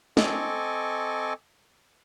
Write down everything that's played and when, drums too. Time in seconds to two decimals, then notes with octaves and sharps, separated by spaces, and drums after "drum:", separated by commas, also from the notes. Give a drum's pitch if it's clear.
0.17 C4 A4 D#5 G#5 C#6 D6, drum: snare